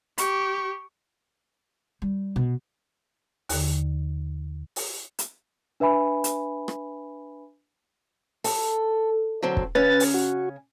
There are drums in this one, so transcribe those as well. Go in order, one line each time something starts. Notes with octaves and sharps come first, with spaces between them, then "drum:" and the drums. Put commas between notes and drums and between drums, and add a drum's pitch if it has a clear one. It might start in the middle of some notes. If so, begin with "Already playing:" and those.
G4 C#6, drum: hi-hat
G3
B2
D#2 D3, drum: open hi-hat
drum: open hi-hat
drum: hi-hat
D4 B4 E5 G#5 B5
drum: hi-hat
drum: rim click
A4, drum: open hi-hat
D3 F#3 C4
drum: kick
C#3 C#4 B4 A6
drum: open hi-hat
F#4